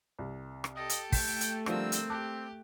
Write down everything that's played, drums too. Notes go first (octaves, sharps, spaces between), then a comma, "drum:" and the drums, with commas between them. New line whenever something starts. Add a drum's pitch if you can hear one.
C2
drum: rim click
G4 A4 D#5
drum: hi-hat
A3 G5 B6, drum: kick, open hi-hat
drum: hi-hat
D3 F3 G3 A#3 C4 E6, drum: rim click
drum: hi-hat
G4 A5 D6 F#6